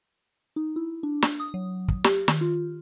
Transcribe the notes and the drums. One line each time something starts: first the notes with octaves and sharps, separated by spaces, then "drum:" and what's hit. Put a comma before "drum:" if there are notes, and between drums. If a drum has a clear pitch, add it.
D#4
E4
D4
drum: snare
D#6
F#3
drum: kick
G4, drum: snare
D#3, drum: snare
F4